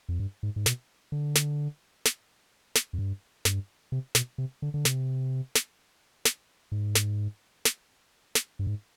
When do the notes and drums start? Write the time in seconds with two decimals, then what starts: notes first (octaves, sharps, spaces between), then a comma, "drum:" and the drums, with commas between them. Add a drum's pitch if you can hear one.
0.09 F2
0.20 G2
0.43 G#2
0.56 G#2
0.66 B2, drum: snare
1.12 D3
1.36 drum: snare
2.06 drum: snare
2.76 drum: snare
2.93 F2
2.99 G2
3.45 G2, drum: snare
3.92 C3
4.15 B2, drum: snare
4.38 C3
4.62 D3
4.74 D3
4.85 C3, drum: snare
5.55 drum: snare
6.25 drum: snare
6.72 G#2
6.95 drum: snare
7.65 drum: snare
8.35 drum: snare
8.59 G2
8.67 G#2